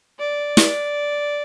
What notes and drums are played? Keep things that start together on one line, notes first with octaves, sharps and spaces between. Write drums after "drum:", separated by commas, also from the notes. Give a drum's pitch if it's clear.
D5
drum: snare